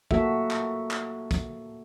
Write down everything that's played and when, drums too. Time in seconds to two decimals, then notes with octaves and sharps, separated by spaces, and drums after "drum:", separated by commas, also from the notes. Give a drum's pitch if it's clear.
0.11 A#3 F#4 A4 E5, drum: kick
0.51 drum: clap
0.91 drum: clap
1.31 drum: kick, hi-hat